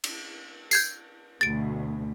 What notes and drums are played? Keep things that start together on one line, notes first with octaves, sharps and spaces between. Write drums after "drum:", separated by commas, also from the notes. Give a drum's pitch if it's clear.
drum: cymbal
G6 G#6 C7, drum: tambourine
D2 B2 A6 D7